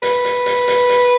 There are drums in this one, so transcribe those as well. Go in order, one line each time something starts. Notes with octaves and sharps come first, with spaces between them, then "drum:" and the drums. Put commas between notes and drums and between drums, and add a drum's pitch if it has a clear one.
B4, drum: hi-hat
drum: hi-hat
drum: hi-hat
drum: hi-hat
drum: hi-hat